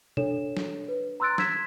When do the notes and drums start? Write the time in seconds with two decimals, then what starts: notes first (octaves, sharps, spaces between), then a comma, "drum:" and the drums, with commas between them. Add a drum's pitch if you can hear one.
0.17 D4 A4 C#5 E7, drum: tom B2
0.57 drum: snare
0.88 B4
1.20 A#5 C6 E6 F#6 A6 D7
1.38 E6 G#6 B6 E7, drum: snare